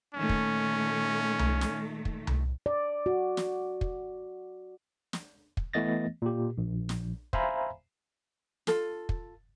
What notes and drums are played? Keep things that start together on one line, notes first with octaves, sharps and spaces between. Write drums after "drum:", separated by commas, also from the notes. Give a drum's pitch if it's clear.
A#2 D#3 A3 C#4
drum: kick
drum: tom C2
drum: snare
drum: kick
drum: tom C2
D5
F#4
drum: snare
drum: kick
drum: snare
drum: kick
E3 A3 B3 D#5 A6 A#6
A#2 G4
A#1
drum: snare
C5 E5 F5 G#5 A#5 B5, drum: kick
F4 A4, drum: snare
drum: kick